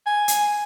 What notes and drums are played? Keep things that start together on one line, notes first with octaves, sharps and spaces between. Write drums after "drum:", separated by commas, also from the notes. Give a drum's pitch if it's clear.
G#5
drum: hi-hat